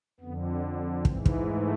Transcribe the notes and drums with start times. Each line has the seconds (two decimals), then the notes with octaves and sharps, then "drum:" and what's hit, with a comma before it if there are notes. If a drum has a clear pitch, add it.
0.20 F2 D3 B3
0.62 C4
1.05 G#2 E3 C4, drum: kick
1.26 drum: kick
1.46 A3